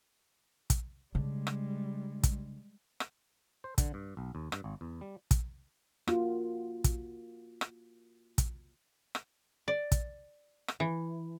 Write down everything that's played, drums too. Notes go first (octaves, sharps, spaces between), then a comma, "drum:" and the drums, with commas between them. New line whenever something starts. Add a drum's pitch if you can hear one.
drum: kick, hi-hat
C#3 G3 G#3 D4
drum: rim click
drum: kick, hi-hat
drum: rim click
C5
D3, drum: kick, hi-hat
G2
B1
D#2
G2, drum: rim click
G#1
E2
G3
drum: kick, hi-hat
A#3 F4 F#4, drum: rim click
drum: kick, hi-hat
drum: rim click
drum: kick, hi-hat
drum: rim click
D5
drum: kick, hi-hat
drum: rim click
E3